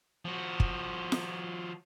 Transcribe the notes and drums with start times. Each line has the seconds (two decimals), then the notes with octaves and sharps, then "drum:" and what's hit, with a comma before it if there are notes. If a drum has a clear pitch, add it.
0.25 F3 F#4
0.60 drum: kick
1.12 drum: snare F4